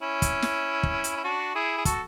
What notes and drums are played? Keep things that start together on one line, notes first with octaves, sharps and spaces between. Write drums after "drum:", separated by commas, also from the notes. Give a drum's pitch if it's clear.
C#4 E4
drum: kick, hi-hat
drum: snare
drum: kick
drum: hi-hat
E4
D4 F#4
E4 G#4
G#4
F#4 A4, drum: kick, hi-hat